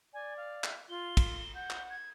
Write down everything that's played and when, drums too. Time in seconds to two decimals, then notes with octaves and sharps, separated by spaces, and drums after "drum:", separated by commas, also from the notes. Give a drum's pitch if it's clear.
0.14 D5 G#5
0.37 F5
0.64 drum: clap
0.89 F4 G7
1.17 drum: kick, cymbal
1.55 F#5 G6
1.70 drum: clap
1.90 G#6